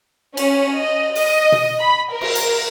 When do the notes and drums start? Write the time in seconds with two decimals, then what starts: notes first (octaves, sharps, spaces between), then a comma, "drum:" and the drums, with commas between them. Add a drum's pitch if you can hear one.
0.37 C#4, drum: cymbal
0.77 D#5
1.15 D#5, drum: open hi-hat
1.52 drum: tom B2
1.81 B5
2.12 A#4
2.21 drum: cymbal
2.35 drum: hi-hat